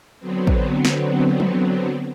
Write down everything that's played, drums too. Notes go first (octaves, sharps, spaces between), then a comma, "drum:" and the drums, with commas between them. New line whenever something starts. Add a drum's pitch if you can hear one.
D3 F#3 B3 C4
drum: kick A1
drum: snare
drum: tom